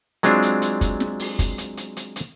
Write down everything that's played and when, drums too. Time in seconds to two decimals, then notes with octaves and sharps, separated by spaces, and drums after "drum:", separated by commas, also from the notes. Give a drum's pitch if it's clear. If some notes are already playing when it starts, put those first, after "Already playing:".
0.23 F#3 G#3 C4 D4 F4, drum: hi-hat
0.43 drum: hi-hat
0.62 drum: hi-hat
0.81 drum: kick, hi-hat
1.00 drum: snare
1.20 drum: open hi-hat
1.39 drum: kick, hi-hat
1.58 drum: hi-hat
1.77 drum: hi-hat
1.97 drum: hi-hat
2.16 drum: hi-hat